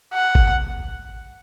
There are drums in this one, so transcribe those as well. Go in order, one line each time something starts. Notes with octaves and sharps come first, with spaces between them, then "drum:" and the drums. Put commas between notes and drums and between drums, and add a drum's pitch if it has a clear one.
F#5
drum: kick G#1